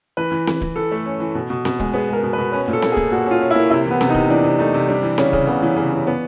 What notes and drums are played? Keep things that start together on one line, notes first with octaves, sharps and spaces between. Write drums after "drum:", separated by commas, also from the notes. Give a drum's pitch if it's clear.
E3 B4
E3
E3, drum: snare C4
E3, drum: kick D1
E3 A4
A3
C#4
E3
B2
B2
B2, drum: snare C4
G#3, drum: kick D1
B3 G#4
G#3 A#4
B2
B4
B2
C#4 B4
A#2
A4
A#3, drum: snare C4
G#4
A#3, drum: kick D1
A#2 F#4
C#4 F4
C#4
E4
A#3
C3 E4
E3 B3
C3, drum: snare C4
D#4
C3, drum: kick D1
E3 D4
C3
A3 D#4
C3
G3 D4
E3
C#3 C#4, drum: snare C4
C#3, drum: kick D1
C#3 B3
E3
C#3
E3
B3